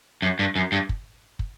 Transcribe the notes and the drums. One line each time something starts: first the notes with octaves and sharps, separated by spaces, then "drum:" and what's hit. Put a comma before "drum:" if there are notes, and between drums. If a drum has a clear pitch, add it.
F#2
G2
F#2
G2
drum: kick
drum: kick